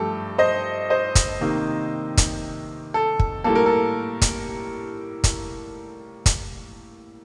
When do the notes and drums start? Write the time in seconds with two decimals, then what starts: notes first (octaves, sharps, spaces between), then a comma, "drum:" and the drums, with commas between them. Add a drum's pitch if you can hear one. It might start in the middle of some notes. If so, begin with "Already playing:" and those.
Already playing: G2 F3 A3 G4 A4
0.38 C5 D#5
0.90 C5 D#5
1.15 drum: kick, hi-hat
1.41 C3 D#3 A#3
2.17 drum: kick, hi-hat
2.94 A4
3.19 drum: kick
3.44 A2 G3 A#3 A4
3.55 A#4
3.66 A4
4.22 drum: kick, hi-hat
5.24 drum: kick, hi-hat
6.26 drum: kick, hi-hat